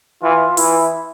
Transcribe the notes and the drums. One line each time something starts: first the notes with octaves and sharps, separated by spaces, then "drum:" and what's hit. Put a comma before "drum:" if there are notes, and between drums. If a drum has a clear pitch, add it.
E3 F4
E3 E4, drum: open hi-hat